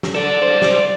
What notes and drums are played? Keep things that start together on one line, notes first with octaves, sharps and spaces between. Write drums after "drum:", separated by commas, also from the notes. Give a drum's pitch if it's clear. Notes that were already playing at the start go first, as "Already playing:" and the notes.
drum: snare
D4 A4 D5
G3 C5
drum: snare